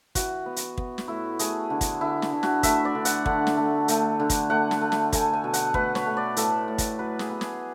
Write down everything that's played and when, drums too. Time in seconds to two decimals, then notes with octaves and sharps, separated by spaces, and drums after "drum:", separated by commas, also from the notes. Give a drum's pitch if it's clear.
0.15 E3 F#4, drum: kick, hi-hat
0.46 B3
0.56 drum: hi-hat
0.78 B3, drum: kick
0.98 drum: snare
1.08 A2 E4
1.39 A3 G#4, drum: hi-hat
1.70 D3
1.81 drum: kick, hi-hat
2.01 D3 E4
2.22 drum: snare
2.32 D3
2.43 F#4, drum: snare
2.63 A3 E5, drum: kick, hi-hat
2.85 D5
2.95 D3
3.05 F#5, drum: hi-hat
3.26 D3, drum: kick
3.47 drum: snare
3.57 A3
3.88 A3, drum: hi-hat
4.20 D3
4.30 drum: kick, hi-hat
4.50 A3 F#5
4.71 drum: snare
4.81 A3
4.92 drum: snare
5.13 A3 G#5, drum: kick, hi-hat
5.33 G#5
5.44 B2
5.53 F#5, drum: hi-hat
5.74 A3 B4, drum: kick
5.95 C#5, drum: snare
6.06 A3
6.17 D5
6.37 A2 A4, drum: hi-hat
6.68 A2
6.78 drum: kick, hi-hat
6.99 F#3 B4
7.19 G#4, drum: snare
7.30 B3
7.41 G#4, drum: snare